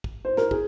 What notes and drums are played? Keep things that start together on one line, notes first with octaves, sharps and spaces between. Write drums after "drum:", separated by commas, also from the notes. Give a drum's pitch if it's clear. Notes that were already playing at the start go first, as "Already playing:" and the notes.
drum: kick
C5
A#4, drum: snare
G#4, drum: kick